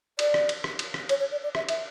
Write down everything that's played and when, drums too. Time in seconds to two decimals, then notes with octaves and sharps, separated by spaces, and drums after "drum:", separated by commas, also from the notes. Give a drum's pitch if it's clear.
0.19 D5, drum: cymbal
0.34 drum: rim click
0.49 drum: cymbal
0.64 drum: rim click
0.79 drum: cymbal
0.94 drum: rim click
1.09 C#5, drum: cymbal
1.20 C#5
1.32 D5
1.43 D5
1.55 E5, drum: rim click
1.69 E5, drum: cymbal